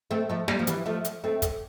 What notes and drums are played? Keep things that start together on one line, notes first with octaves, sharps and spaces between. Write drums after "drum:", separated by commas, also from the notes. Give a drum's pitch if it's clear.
A3 C4
F3 A3
G3 A#3, drum: snare
F3
E3 G3, drum: hi-hat
F3 A3
drum: hi-hat
A3 C4
drum: kick, hi-hat